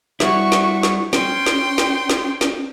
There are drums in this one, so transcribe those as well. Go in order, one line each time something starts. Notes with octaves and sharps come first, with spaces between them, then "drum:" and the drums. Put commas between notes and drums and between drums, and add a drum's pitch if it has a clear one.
G3 E4 F#4 C#6, drum: snare
drum: snare
drum: snare
C#4 G5 C6, drum: snare
drum: snare
drum: snare
drum: snare
drum: snare